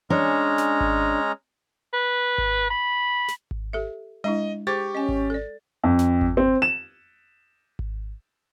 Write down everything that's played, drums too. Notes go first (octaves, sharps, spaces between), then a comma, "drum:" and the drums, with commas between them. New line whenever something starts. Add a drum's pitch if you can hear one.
G#3 C#4 D4 C#5 A#5
drum: snare
drum: kick G#1
B4
drum: kick G#1
B5
drum: snare
drum: kick G#1
G4 A4 E5
G#3 D4 E4 D#5
G4 G#4 C5 C#6 D6 A6
C#4 D#5 G#5
drum: kick G#1
A4 D5
F2
drum: snare
drum: kick G#1
C4
E7
drum: kick G#1